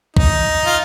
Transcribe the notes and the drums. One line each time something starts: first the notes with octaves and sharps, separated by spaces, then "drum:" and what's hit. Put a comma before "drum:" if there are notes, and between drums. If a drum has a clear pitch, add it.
D#4, drum: kick B1
F4